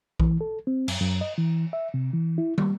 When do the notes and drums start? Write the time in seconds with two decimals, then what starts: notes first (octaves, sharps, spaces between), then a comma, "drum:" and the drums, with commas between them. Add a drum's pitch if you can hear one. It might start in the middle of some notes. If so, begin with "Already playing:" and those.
0.20 E3, drum: kick A#1
0.41 A4
0.67 C4
0.88 F#2, drum: cymbal
1.01 F#2
1.21 D#5
1.38 E3
1.73 E5
1.94 C3
2.14 E3
2.38 E4
2.58 G3, drum: tom